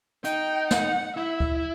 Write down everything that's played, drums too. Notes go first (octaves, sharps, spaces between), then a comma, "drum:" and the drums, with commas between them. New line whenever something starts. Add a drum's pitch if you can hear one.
D#4 G5, drum: hi-hat
F#5, drum: snare
E4 E5
drum: kick D2